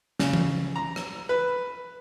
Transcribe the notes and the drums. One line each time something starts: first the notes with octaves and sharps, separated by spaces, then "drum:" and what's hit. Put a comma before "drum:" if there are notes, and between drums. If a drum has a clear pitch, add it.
C#3, drum: snare
drum: tom E3
A#5
drum: rim click
B4